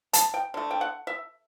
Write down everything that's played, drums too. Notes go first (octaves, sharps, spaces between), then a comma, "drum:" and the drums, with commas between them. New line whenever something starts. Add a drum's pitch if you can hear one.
A5, drum: hi-hat
G5
D3 A3
G5
F#5
E5